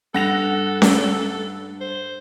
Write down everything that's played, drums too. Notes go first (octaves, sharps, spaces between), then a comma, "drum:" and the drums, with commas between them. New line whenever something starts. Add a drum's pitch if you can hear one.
G2 A4 F#5 A#6 F7
drum: snare C#4
C5